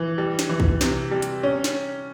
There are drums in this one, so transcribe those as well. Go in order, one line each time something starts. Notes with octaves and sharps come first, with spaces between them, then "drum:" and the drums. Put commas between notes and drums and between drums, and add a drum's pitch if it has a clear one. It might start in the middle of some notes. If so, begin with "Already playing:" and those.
Already playing: E3
G3
drum: snare
E3
drum: kick A#1
C3, drum: snare
G3
drum: hi-hat
C#4
drum: snare